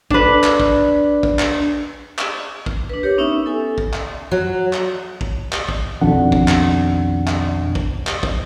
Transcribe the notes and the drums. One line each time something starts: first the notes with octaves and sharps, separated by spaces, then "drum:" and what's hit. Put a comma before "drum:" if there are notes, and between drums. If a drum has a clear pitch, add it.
D4 B4, drum: kick
drum: clap
drum: kick
drum: kick
drum: clap
drum: clap
drum: kick
D4 B4
G4 A#4 C#5
B3 C#4 D#4 E5 E6
A4 G#5
drum: kick
drum: clap
F#3
drum: clap
drum: kick
drum: clap
drum: kick
B1 F2 B2 D#3 D4 F#5
drum: kick
drum: clap
drum: clap
drum: kick
drum: clap
drum: kick